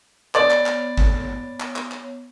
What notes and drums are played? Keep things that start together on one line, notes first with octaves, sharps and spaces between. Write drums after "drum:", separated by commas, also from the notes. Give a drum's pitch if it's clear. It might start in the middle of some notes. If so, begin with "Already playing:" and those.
B3 C#5 D5, drum: clap
drum: clap
drum: clap
drum: kick
drum: clap
drum: clap
drum: clap